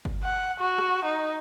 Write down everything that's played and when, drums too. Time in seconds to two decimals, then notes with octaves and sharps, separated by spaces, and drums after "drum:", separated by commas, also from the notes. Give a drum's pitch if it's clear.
0.05 drum: kick G1
0.24 F#5
0.60 F#4
0.78 drum: rim click
1.05 D#4